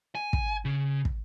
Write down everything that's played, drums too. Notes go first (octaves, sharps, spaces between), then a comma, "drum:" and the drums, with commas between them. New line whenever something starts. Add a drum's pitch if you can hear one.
G#5
drum: kick
C#3
drum: kick